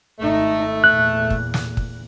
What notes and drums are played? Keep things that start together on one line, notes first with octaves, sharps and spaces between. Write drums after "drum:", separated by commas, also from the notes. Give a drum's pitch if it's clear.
G#1 A3 D#4
E2 A#2 F#6
drum: kick
drum: snare
drum: kick